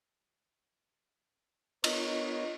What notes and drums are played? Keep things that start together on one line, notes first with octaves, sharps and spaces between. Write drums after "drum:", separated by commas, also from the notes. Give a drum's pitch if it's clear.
B3 A#4 C#5 D#5, drum: cymbal